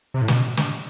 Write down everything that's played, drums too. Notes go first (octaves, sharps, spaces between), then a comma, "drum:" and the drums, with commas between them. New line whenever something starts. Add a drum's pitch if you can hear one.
C3
A2
B2, drum: snare
drum: snare